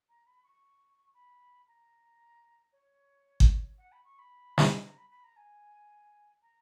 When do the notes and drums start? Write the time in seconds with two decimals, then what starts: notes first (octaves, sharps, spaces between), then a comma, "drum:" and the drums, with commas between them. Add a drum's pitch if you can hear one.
0.09 A#5
0.26 B5
0.43 C#6
1.14 B5
1.67 A#5
2.72 C#5
3.40 drum: kick G1
3.78 F#5
3.92 B5
4.04 C#6
4.18 B5
4.58 drum: snare
4.84 A#5
4.97 B5
5.10 B5
5.24 A#5
5.36 G#5
6.42 A#5